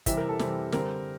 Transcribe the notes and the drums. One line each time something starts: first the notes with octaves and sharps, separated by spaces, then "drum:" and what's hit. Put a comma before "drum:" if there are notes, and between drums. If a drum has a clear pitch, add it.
C3 E3 G3 C4 E5, drum: kick, hi-hat
A#4
A4
C3 E3 G3 C4, drum: snare
D3 G3 C4 A#4, drum: snare